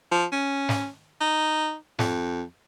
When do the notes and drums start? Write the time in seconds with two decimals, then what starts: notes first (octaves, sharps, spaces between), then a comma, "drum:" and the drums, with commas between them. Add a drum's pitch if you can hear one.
0.12 F3
0.32 C#4
0.69 drum: snare
1.21 D#4
1.99 F2, drum: snare